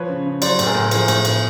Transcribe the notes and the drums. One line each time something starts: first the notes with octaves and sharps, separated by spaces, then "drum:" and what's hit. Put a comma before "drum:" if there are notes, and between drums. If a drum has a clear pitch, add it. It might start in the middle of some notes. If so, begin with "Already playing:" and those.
Already playing: F3 B4 C#5
C#3
C#3
F#3 C5 D5, drum: cymbal
A2, drum: cymbal
G#4 A#4
A2
F3 G#4 A#4, drum: cymbal
A2, drum: cymbal
B3, drum: cymbal